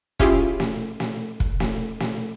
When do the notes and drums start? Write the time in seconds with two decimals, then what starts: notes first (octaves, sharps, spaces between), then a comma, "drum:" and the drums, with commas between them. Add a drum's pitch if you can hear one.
0.20 C#4 E4 F4 G4 G#4, drum: kick
0.60 drum: snare
1.00 drum: snare
1.40 drum: kick
1.60 drum: snare
2.00 drum: snare